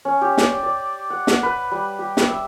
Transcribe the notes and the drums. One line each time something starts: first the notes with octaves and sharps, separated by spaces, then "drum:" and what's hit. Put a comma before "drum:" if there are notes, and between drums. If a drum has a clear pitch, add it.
C#4
G4
D5, drum: snare
D5
F#5
drum: snare
B4
G3
G4
drum: snare
E5